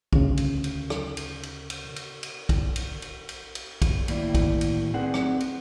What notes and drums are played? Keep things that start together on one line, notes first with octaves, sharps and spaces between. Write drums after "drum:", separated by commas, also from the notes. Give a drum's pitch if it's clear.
D2 C#3, drum: kick
drum: cymbal
drum: cymbal
drum: rim click
drum: cymbal
drum: cymbal
drum: cymbal
drum: cymbal
drum: cymbal
drum: kick, cymbal
drum: cymbal
drum: cymbal
drum: cymbal
drum: cymbal
drum: kick, cymbal
A2 D#3 A#3 E4 D5, drum: cymbal
drum: kick, cymbal
drum: cymbal
C4 D#4 G#4 B4 D5 F#5
drum: rim click
drum: cymbal